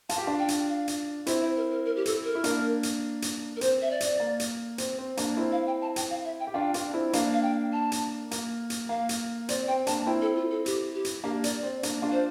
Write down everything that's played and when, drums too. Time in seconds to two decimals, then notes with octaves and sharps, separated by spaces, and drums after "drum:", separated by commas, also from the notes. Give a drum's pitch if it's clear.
0.09 F4 A5, drum: hi-hat
0.18 G4
0.27 D4 F4
0.39 G5
0.48 drum: hi-hat
0.68 F5
0.88 drum: hi-hat
1.27 C4 E4 E5, drum: hi-hat
1.41 C5
1.56 A#4
1.71 A#4
1.86 A#4
1.96 G4
2.05 A4, drum: hi-hat
2.24 A#4
2.35 E4
2.44 A#3 D4, drum: hi-hat
2.83 drum: hi-hat
3.22 drum: hi-hat
3.56 A#4
3.61 C4 C5, drum: hi-hat
3.82 E5
3.91 D5
4.00 drum: hi-hat
4.20 A#3
4.40 drum: hi-hat
4.78 C4, drum: hi-hat
4.98 C4
5.17 A#3 D4, drum: hi-hat
5.37 C4 E4
5.52 F5
5.67 G5
5.82 A5
5.96 G5, drum: hi-hat
6.10 F5
6.25 E5
6.40 G5
6.47 G4
6.54 D4 F4 G5
6.74 D4 F4, drum: hi-hat
6.94 C4 E4
7.13 A#3 D4 F5, drum: hi-hat
7.33 F5
7.43 G5
7.73 A5
7.92 drum: hi-hat
8.31 A#3, drum: hi-hat
8.70 drum: hi-hat
8.89 A#3 F5
9.09 drum: hi-hat
9.49 C4 D5, drum: hi-hat
9.68 C4 G5
9.87 A#3 D4 A5, drum: hi-hat
10.06 C4 E4 G5
10.22 A4
10.36 F4
10.51 A4
10.66 G4, drum: hi-hat
10.95 G4
11.05 drum: hi-hat
11.24 A#3 D4 G4
11.44 D5, drum: hi-hat
11.63 C4 D5
11.83 A#3 D4, drum: hi-hat
12.02 D4 F4
12.12 C5